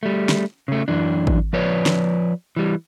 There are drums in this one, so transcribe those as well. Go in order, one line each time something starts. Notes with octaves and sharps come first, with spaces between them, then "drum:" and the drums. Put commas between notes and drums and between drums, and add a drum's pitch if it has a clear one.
G3 A3
drum: snare
C#3 A3
F#2 E3 D4
drum: kick
F3 B4 C#5 D5
drum: snare
E3 G3